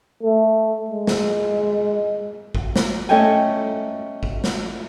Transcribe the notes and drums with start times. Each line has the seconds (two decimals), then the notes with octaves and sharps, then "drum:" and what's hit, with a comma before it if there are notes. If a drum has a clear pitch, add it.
0.23 A3
0.90 G#3
1.07 drum: snare
2.55 drum: kick A1
2.76 drum: snare
3.09 A3 C#4 A4 D#5 G5 G#5
4.23 drum: kick A1
4.44 drum: snare